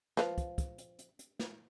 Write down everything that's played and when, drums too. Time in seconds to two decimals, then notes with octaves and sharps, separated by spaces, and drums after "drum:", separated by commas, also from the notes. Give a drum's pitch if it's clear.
0.17 F3 B4 F5, drum: snare
0.38 drum: kick, hi-hat
0.58 drum: kick, hi-hat
0.78 drum: hi-hat
0.99 drum: hi-hat
1.19 drum: hi-hat
1.39 drum: snare